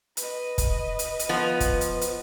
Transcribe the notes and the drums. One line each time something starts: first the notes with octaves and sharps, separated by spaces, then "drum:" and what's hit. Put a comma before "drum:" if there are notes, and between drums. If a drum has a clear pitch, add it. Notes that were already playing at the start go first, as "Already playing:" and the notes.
B4 D#5, drum: hi-hat
drum: kick, hi-hat
drum: hi-hat
drum: hi-hat
F3 B3
drum: kick, hi-hat
drum: hi-hat
drum: hi-hat